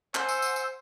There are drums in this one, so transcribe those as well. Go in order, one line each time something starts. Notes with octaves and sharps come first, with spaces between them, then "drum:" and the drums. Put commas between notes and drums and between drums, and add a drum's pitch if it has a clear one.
C5 F#5 G#5 E6, drum: clap
drum: tambourine
drum: tambourine
drum: tambourine